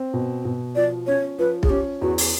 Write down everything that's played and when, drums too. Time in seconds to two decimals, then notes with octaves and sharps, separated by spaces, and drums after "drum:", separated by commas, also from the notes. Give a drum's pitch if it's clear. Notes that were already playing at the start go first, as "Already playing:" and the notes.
Already playing: C4
0.14 B2
0.45 B2
0.76 F3 D5
1.07 C#4 C#5
1.39 F3 B4
1.63 G#4, drum: kick B1
1.69 C#4 G4
2.01 E2 F#4
2.18 drum: open hi-hat